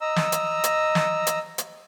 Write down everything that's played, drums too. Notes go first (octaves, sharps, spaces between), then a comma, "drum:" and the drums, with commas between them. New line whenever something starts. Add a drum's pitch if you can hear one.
D#5 A#5 E6
drum: snare
drum: hi-hat
drum: hi-hat
drum: snare
drum: hi-hat
drum: hi-hat